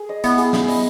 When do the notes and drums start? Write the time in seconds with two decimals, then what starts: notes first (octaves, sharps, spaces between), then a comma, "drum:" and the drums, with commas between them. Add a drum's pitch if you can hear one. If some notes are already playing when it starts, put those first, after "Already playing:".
Already playing: G#4
0.09 D#5
0.24 B3 E4, drum: hi-hat
0.38 G#4, drum: hi-hat
0.53 E4, drum: snare
0.68 D#5, drum: open hi-hat